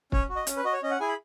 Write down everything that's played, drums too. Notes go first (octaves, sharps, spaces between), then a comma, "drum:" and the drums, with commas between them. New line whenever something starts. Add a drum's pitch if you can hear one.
C#4 C#5, drum: kick
F#4
D#5
C#4, drum: hi-hat
B4
F#4 D#5
C#5
C#4 D#5
F#5
E4 G#4 G#5
B5